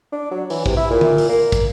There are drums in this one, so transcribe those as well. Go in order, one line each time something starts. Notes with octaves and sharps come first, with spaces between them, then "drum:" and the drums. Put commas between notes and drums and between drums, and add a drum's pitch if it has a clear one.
D4
F#3
E3, drum: open hi-hat
C3, drum: kick
E4
A#2
drum: tom D3
drum: open hi-hat
A#3
drum: kick, hi-hat